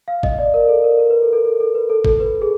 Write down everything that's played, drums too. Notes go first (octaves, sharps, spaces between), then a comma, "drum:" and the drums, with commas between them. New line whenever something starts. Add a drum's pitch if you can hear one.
F5
D#5, drum: kick G1
D5
A#4
A4
A#4
A#4
B4
A4
A4
A4
A4
B4
A4
A4, drum: kick G1
B4
G#4